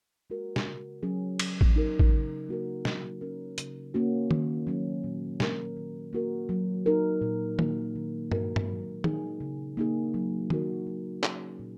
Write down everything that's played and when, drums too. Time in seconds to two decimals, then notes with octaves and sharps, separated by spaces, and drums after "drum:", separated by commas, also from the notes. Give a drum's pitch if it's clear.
0.30 G#3 F#4 A#4
0.56 drum: snare
0.67 C#3
1.03 F#3 C#4 G#4
1.39 F#3, drum: cymbal
1.61 drum: kick A1
1.76 D#4 A#4
1.99 drum: kick A1
2.12 C#3
2.49 A#3 F#4 A#4
2.85 F#3, drum: snare
3.21 C#4 A#4
3.58 C#3, drum: hi-hat
3.94 A#3 C#4 F#4
4.31 D#3, drum: tom D#3
4.67 F#3 C#4
5.04 A#2
5.40 A#3 C#4 A#4, drum: snare
5.77 D#3
6.13 A#3 F#4 A#4
6.49 F#3
6.86 D#4 A#4
7.22 A#2
7.59 A#3 D#4, drum: tom D#3
7.96 D#3
8.31 G#3 F#4 A#4, drum: tom G2
8.56 drum: tom G2
8.68 F#3
9.04 D#4 G#4, drum: tom D#3
9.40 C#3
9.77 A#3 D#4 G#4
10.14 F#3
10.50 A#3 D#4 F#4 A#4, drum: tom D#3
10.87 F#3
11.23 C#4 G#4, drum: clap
11.59 A#2